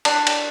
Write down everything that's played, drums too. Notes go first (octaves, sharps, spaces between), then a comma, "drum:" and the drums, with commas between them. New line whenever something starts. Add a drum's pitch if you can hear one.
D4, drum: cymbal
drum: cymbal